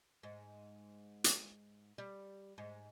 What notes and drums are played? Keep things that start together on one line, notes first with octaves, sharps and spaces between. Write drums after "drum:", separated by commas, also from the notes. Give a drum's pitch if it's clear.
G#2
drum: hi-hat
G3
G#2